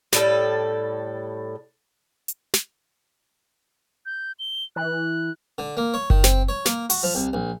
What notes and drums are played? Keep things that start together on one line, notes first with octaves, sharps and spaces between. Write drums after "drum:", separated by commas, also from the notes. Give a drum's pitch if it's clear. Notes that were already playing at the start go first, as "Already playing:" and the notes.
A2 G3 A4, drum: snare
drum: hi-hat
drum: snare
G6
G7
E3 F#6
D3
A#3
C#5
D#3, drum: kick F#1
C4, drum: snare
C#5
A#3, drum: snare
F#4, drum: open hi-hat
F3
C2
A#1